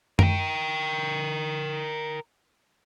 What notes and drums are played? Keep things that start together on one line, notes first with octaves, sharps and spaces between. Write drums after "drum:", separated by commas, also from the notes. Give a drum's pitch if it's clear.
A#4 G5, drum: tom F#2